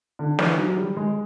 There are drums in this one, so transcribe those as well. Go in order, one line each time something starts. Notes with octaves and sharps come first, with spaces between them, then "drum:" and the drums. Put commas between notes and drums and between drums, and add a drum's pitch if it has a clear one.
D3
E3, drum: snare
F#3
G3
G#3